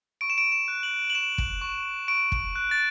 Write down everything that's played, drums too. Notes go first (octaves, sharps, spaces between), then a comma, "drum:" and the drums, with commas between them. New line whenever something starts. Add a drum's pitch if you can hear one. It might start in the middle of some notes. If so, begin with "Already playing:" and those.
C#6 D7
E7
D7
E7
F#6
F#7
F#7
C#6 E7
drum: kick
C#6
C#6 D7
drum: kick
F#6
A6